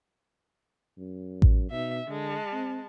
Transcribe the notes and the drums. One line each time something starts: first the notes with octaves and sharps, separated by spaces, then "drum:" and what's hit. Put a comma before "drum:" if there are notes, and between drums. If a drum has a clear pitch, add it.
F#2
drum: kick A1
B2 D#4 E5
D3 G#3 A5
C4